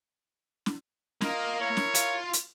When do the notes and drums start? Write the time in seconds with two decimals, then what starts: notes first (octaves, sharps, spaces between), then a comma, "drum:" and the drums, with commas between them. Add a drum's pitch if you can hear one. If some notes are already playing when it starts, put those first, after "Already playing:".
0.66 drum: snare
1.21 A#3 F4 A#4 D#5, drum: snare
1.59 E4 A#4 C#5
1.77 drum: snare
1.95 F4 F5, drum: hi-hat
2.33 drum: hi-hat